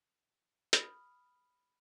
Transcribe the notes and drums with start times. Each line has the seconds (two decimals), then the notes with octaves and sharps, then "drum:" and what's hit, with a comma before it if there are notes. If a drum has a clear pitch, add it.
0.73 B5 D#6 F6, drum: hi-hat